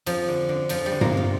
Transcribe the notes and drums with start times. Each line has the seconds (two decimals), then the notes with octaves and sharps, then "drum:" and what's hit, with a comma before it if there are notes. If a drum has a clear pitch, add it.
0.06 F2 F3, drum: cymbal
0.28 D3
0.49 D3
0.69 F2 F3, drum: cymbal
0.86 G3
0.91 D3
1.01 A#3, drum: tom G2
1.12 F2 F4